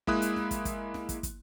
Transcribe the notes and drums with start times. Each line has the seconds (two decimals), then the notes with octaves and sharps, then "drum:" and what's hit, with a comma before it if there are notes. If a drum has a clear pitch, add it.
0.07 G#3 A#3 E4 D#6 F#6, drum: kick
0.22 drum: hi-hat
0.36 drum: snare
0.51 drum: kick, hi-hat
0.65 drum: kick, hi-hat
0.94 drum: snare
1.09 drum: kick, hi-hat
1.23 drum: kick, hi-hat